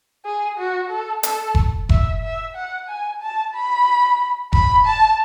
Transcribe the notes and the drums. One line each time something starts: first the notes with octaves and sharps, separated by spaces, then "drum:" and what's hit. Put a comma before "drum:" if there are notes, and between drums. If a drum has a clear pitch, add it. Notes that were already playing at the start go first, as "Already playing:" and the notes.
G#4
F#4
A4
A4, drum: hi-hat
drum: kick F1
E5, drum: kick F1
E5
F#5
G#5
A5
B5
B5, drum: kick F1
A5